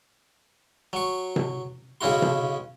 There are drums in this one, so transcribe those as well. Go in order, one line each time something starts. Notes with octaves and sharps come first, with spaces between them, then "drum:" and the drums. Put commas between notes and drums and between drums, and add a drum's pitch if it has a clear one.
F#3 C#6
drum: tom C3
B1 C#3 C#4 E4 F#4 C6
drum: tom C3